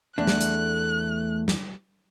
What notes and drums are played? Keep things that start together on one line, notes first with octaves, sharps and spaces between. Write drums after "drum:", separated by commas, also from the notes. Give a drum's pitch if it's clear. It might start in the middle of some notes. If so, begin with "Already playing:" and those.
E2 A3 D4 F#6
drum: snare
drum: hi-hat
drum: snare